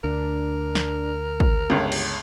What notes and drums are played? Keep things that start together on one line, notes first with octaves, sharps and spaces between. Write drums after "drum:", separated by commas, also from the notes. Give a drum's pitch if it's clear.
D2 D4 A#4
drum: snare
drum: kick
G1 C#2 G3
drum: cymbal